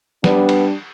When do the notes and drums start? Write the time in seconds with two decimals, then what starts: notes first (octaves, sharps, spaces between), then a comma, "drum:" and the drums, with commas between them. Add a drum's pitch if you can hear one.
0.24 G3 B3 D4, drum: snare
0.49 drum: cymbal